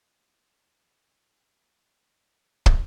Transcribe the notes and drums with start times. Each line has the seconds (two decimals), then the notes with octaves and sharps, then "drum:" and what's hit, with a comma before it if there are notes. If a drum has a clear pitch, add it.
0.19 G#4
0.65 C5 A5
0.99 F#5 C6
1.35 A#4 C5
1.85 G5
2.33 C#5
2.66 drum: kick